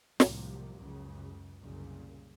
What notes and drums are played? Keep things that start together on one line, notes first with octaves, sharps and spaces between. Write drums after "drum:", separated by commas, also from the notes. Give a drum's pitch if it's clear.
C2 A2 C3 F3 F#3 A#3, drum: snare
C#2 F#2 C#3
C2 F#2 A#2 C#3